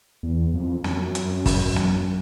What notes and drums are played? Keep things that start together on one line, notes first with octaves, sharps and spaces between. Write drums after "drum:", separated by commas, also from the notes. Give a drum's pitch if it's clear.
E2
F2
F#2, drum: snare
drum: hi-hat
drum: kick, open hi-hat
drum: snare